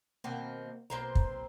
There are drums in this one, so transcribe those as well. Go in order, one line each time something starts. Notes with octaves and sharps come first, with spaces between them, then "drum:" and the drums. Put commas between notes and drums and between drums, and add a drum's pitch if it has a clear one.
B2 D#3 A#3 C4
B1 A#3 C4 B4 A#5 C6
drum: kick